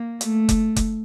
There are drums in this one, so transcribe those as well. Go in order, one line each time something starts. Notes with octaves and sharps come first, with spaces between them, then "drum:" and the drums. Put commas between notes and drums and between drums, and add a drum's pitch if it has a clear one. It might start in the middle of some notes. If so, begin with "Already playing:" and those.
Already playing: A#3
A3, drum: hi-hat
drum: kick F1, hi-hat
drum: kick F1, hi-hat